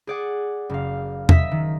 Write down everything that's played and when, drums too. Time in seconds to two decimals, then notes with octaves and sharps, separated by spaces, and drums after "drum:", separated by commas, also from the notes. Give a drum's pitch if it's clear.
0.07 G#4 D5 F#5
0.69 F#1 F5
1.29 D#5 E5 B6, drum: tom E2
1.51 D#3